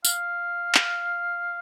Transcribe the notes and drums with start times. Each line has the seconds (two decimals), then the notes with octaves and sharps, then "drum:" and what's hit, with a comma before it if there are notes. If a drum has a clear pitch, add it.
0.05 F5, drum: tambourine
0.75 drum: clap